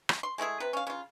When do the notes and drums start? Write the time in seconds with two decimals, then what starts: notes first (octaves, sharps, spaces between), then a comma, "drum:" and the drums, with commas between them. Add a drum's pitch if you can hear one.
0.09 drum: rim click
0.23 C6
0.38 G#3 A3 E4 G#4
0.60 C3 B4
0.73 C#4 F5
0.87 C#3 F4